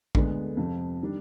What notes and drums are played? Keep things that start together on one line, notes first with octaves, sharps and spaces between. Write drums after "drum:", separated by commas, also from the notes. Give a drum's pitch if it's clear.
D2 D3 G#3 B3, drum: kick A1
F2 C3 F3
D#3 G3 D4